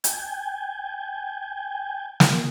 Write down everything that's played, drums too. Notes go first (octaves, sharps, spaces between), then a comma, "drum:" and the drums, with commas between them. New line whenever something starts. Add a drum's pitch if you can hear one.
G5 G#5, drum: hi-hat
drum: snare